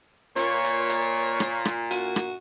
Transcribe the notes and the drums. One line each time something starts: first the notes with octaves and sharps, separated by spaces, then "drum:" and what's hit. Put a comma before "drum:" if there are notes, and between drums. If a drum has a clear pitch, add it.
A#2 C#5, drum: hi-hat
drum: hi-hat
drum: hi-hat
drum: rim click
drum: rim click
F#4, drum: hi-hat
drum: rim click